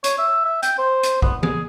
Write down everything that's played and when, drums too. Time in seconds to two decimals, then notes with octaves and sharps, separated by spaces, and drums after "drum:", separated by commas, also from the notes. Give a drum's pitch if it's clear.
0.04 C#5, drum: hi-hat
0.18 E5
0.45 E5
0.63 G5, drum: hi-hat
0.79 C5
1.03 drum: hi-hat
1.22 B3, drum: kick A#1
1.43 G#4, drum: tom E3